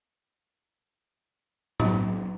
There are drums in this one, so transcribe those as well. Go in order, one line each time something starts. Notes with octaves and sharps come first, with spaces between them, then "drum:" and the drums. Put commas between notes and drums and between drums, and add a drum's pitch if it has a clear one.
F#3, drum: tom A2